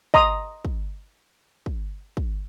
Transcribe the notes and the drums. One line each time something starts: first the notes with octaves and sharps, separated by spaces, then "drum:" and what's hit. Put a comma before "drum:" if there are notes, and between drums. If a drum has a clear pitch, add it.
D#5 A#5 C6 D#6, drum: kick
drum: kick
drum: kick
drum: kick